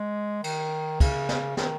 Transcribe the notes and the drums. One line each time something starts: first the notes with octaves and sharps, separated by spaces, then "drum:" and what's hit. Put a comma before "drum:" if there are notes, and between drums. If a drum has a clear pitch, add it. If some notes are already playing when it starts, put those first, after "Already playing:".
Already playing: G#3
D#3, drum: cymbal
C#3, drum: kick, cymbal
drum: snare
D#3, drum: snare